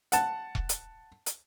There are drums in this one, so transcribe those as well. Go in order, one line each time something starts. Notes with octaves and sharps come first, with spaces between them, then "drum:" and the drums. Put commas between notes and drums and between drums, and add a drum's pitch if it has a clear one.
F#5 A5, drum: hi-hat
drum: kick E1
drum: hi-hat
drum: hi-hat